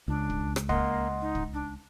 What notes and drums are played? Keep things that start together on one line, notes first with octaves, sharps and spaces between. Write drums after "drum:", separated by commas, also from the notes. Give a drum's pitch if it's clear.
C#2 D4
drum: kick
drum: rim click
A#3 D#5 F#5 C6, drum: kick
D#4
drum: kick
D4